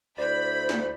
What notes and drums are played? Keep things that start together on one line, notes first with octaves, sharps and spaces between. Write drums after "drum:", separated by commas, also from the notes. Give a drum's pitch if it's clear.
D2 E4 C5 D5 B5
drum: snare